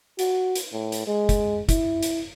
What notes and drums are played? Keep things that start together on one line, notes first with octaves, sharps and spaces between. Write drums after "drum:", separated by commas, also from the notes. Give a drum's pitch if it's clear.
F#4, drum: hi-hat
drum: hi-hat
A2
drum: hi-hat
G#3
drum: kick, hi-hat
E4, drum: kick, hi-hat
drum: hi-hat